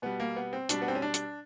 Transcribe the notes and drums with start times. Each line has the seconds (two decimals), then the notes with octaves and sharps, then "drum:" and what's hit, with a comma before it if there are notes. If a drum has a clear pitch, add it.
0.02 B2 G3 B3
0.20 A#3
0.36 B3
0.53 C4
0.69 B2 G3 D4, drum: hi-hat
0.81 B3
0.88 C4
0.95 C#4
1.02 D4
1.14 drum: hi-hat